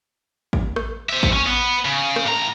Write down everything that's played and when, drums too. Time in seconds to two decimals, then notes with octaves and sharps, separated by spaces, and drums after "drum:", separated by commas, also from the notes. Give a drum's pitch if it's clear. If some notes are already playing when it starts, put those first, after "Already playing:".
0.53 drum: kick A1
0.76 drum: rim click
1.09 C5 E5
1.23 drum: kick A1
1.33 C#4
1.46 B3
1.85 C#3
2.16 drum: rim click
2.26 A2 A#5